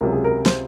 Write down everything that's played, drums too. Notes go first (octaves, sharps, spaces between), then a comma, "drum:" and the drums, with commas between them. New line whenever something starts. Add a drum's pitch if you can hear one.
C#2 C3 F#3 A#4
G#4
A#4
C5, drum: snare